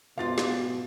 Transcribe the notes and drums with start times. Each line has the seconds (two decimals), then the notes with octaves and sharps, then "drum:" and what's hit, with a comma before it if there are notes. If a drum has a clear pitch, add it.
0.18 B1 G#2 B2 F4 F5 A6
0.38 drum: snare